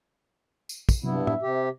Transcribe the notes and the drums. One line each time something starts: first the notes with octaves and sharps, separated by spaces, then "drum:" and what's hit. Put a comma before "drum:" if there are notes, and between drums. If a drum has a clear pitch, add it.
drum: tambourine
drum: kick, tambourine
G2 C3 F#3 B3 E4
E5, drum: tom
C3 G4